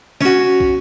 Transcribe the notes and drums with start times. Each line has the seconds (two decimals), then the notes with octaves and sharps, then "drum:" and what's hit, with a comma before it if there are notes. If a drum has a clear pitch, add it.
0.21 C#4 F#4, drum: snare
0.60 drum: kick